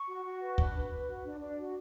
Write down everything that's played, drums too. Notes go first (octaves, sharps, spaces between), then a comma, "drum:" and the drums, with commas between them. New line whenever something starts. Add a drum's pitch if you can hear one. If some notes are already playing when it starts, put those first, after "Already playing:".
Already playing: C#6
F#4
F#4
B4
D4, drum: kick
B4
B4
F#4
D4
D4
F#4